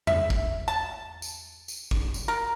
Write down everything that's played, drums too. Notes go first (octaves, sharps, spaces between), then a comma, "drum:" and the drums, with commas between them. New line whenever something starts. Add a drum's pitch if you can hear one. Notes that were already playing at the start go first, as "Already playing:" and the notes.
E5, drum: tom E2
drum: kick
A5
drum: tambourine
drum: tambourine
drum: kick
drum: tambourine
A#4